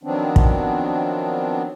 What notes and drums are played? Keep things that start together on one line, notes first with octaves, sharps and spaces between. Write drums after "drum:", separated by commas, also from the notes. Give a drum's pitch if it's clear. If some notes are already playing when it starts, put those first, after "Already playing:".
D#3 F3 F#3 B3 C4 D4
drum: kick